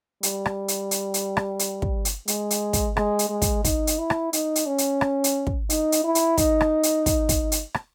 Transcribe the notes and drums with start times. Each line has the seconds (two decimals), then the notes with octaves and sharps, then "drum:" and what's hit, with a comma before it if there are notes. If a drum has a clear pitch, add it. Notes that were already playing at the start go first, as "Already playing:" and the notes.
0.23 G3, drum: hi-hat
0.45 drum: rim click
0.68 drum: hi-hat
0.91 drum: hi-hat
1.14 drum: hi-hat
1.37 drum: rim click
1.59 drum: hi-hat
1.82 drum: kick
2.05 drum: hi-hat
2.28 G#3, drum: hi-hat
2.51 drum: hi-hat
2.73 drum: kick, hi-hat
2.97 G#3, drum: rim click
3.19 drum: hi-hat
3.30 G#3
3.42 drum: kick, hi-hat
3.65 D#4, drum: kick, hi-hat
3.87 drum: hi-hat
3.99 E4
4.10 drum: rim click
4.33 D#4, drum: hi-hat
4.56 drum: hi-hat
4.66 C#4
4.78 drum: hi-hat
5.01 drum: rim click
5.24 drum: hi-hat
5.47 drum: kick
5.70 D#4, drum: hi-hat
5.92 drum: hi-hat
6.04 E4
6.15 drum: hi-hat
6.38 D#4, drum: kick, hi-hat
6.61 drum: rim click
6.83 drum: hi-hat
7.06 drum: kick, hi-hat
7.29 drum: kick, hi-hat
7.52 drum: hi-hat
7.74 drum: rim click